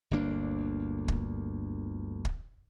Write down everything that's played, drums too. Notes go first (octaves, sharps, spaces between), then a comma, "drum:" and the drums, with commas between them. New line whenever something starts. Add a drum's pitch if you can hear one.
G1 D2 A#3 D4
drum: kick
drum: kick